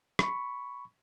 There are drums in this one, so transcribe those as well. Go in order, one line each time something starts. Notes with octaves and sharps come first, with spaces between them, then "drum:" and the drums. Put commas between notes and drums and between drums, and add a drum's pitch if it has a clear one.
B5 C#6, drum: rim click